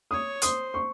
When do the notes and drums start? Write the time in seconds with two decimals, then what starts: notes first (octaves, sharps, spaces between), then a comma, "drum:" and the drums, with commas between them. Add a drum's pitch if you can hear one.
0.11 C#5 D#6
0.42 C5 D#6, drum: hi-hat
0.74 C#6